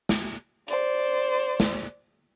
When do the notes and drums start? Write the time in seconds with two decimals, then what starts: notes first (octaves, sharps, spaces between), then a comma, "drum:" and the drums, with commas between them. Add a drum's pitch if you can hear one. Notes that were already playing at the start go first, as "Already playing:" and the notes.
0.09 drum: snare
0.68 C5 D5, drum: hi-hat
1.60 drum: snare